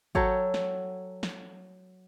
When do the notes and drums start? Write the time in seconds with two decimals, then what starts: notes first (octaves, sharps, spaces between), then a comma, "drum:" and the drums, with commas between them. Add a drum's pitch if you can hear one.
0.15 F#3 A4 C#5 G5, drum: kick G#1
0.54 drum: snare
1.23 drum: snare